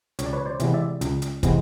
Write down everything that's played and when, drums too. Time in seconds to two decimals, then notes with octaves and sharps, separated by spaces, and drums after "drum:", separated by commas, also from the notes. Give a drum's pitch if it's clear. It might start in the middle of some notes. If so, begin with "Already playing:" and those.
0.19 C#2 C#5, drum: hi-hat
0.26 D5
0.33 B4 C#5
0.46 C5 D5
0.60 C3 E3 G#3 B3, drum: hi-hat
0.74 D5 E5
1.01 C#2, drum: hi-hat
1.22 drum: hi-hat
1.43 C3 E3 G#3 B3, drum: kick, hi-hat